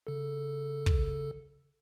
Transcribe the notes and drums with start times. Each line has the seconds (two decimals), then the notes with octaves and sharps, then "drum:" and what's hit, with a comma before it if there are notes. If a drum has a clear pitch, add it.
0.07 C#3 A4
0.86 drum: kick